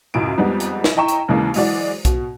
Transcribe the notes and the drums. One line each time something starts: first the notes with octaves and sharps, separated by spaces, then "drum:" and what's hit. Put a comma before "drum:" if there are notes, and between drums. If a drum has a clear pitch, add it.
C#2 F#2 A2 D7
F2 G3 G#3 B3 D#4
drum: hi-hat
drum: snare
E4 D#5 G5 A#5 C#6 E7
drum: hi-hat
D#2 C#3 E3 G#3 A#3
E3 F#3 G#3 E4 F#4 D5, drum: open hi-hat
B2, drum: kick B1, hi-hat